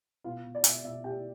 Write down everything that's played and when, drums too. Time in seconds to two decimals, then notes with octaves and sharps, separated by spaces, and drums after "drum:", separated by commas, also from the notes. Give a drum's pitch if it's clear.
0.24 B2 F4 F5
0.45 B2
0.55 D5
0.64 B2 E5, drum: hi-hat
0.84 B2 E5
1.04 B2 G4 G5